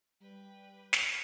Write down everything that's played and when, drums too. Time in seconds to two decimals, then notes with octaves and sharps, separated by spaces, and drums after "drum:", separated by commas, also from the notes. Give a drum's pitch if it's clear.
0.20 G3 B4 G5
0.93 drum: snare